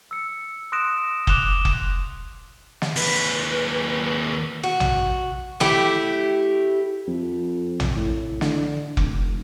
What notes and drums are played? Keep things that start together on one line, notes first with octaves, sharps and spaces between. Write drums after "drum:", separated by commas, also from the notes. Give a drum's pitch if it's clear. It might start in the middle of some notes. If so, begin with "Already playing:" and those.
E6 C#7
C6 D#6 F#6 A#6 D7 E7
D6 F#6 E7 F7 G7, drum: kick F1
drum: kick F1
drum: snare
D#2 B4, drum: open hi-hat
F#4
drum: tom A#1
A3 E4 G4, drum: snare
F2
drum: tom A#1
A2
D3, drum: snare
F1, drum: kick F1